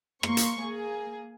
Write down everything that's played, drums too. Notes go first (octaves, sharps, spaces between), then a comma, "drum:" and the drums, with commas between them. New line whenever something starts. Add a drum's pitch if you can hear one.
A#3 C6 C#6, drum: rim click
drum: hi-hat
A#3 G#4